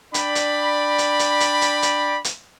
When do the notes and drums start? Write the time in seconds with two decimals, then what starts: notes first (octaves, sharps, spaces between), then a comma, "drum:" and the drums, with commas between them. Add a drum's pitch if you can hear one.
0.14 D4 D5 G5 B5, drum: hi-hat
0.35 drum: hi-hat
0.98 drum: hi-hat
1.19 drum: hi-hat
1.40 drum: hi-hat
1.61 drum: hi-hat
1.82 drum: hi-hat
2.24 drum: hi-hat